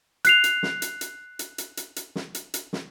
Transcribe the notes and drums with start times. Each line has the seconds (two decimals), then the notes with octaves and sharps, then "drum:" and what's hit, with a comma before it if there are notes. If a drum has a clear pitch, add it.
0.25 F#6 C7 F7, drum: hi-hat
0.44 drum: hi-hat
0.63 drum: snare
0.82 drum: hi-hat
1.01 drum: hi-hat
1.39 drum: hi-hat
1.58 drum: hi-hat
1.77 drum: hi-hat
1.96 drum: hi-hat
2.15 drum: snare
2.35 drum: hi-hat
2.54 drum: hi-hat
2.73 drum: snare